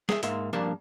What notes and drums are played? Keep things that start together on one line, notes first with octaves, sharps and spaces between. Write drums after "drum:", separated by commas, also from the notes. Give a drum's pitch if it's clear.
G#4 E5, drum: snare
G#2 A#3 E5 C6, drum: hi-hat
G2 F3 A#3 D4 A#4 A5